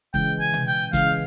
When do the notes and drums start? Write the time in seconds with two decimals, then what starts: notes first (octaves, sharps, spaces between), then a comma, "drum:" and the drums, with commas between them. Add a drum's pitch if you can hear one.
0.14 C#3 E3 G#3 G5, drum: kick
0.40 G#5
0.54 drum: tom B2
0.67 G5
0.93 C#3 E3 G#3 F5, drum: kick, hi-hat